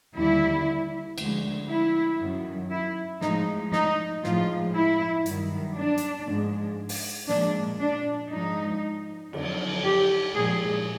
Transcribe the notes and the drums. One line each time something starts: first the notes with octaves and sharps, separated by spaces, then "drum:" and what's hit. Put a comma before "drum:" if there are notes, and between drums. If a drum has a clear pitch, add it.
D#2 D3 G3 E4
D2 D3 F3 G#3, drum: cymbal
E4
F#2 D#3 F#3
E4
A2 F3 G#3 D#4, drum: snare
D#4, drum: snare
A2 F3 G#3 F4, drum: snare
E4
G2 D#3 F#3, drum: hi-hat
D4
drum: hi-hat
G#2 F3 G#3
drum: open hi-hat
A#2 F3 G#3 D4, drum: snare
D4
G#2 F3 G#3 D#4
F2 D3 F#3, drum: cymbal
G4
A#2 F3 G#3 G#4